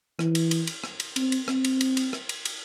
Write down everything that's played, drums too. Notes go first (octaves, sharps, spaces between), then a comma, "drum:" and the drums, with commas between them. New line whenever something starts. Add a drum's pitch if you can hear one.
E3, drum: rim click
drum: cymbal
drum: cymbal
drum: cymbal
drum: rim click
drum: cymbal
C4, drum: cymbal
drum: cymbal
C4, drum: rim click
drum: cymbal
drum: cymbal
drum: cymbal
drum: rim click
drum: cymbal
drum: cymbal